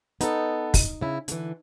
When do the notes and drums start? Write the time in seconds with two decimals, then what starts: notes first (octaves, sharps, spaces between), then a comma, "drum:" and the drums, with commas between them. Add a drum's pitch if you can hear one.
0.21 B3 D#4 A4, drum: hi-hat
0.74 drum: kick, open hi-hat
1.01 C#3 E4
1.28 D3 E3, drum: hi-hat